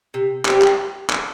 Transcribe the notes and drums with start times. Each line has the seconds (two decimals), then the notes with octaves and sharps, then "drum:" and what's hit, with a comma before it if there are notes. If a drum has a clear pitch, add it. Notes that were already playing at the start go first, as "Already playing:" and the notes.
0.14 C3
0.45 G3 C4 G4, drum: clap
0.62 drum: clap
1.10 drum: clap